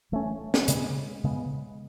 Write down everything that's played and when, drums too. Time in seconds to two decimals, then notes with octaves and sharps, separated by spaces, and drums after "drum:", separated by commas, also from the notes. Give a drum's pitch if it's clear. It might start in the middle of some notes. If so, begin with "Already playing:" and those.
0.12 E3 A3 C#4
0.54 drum: snare
0.68 C#3 G#3 B3, drum: hi-hat
1.24 C#3 G#3 B3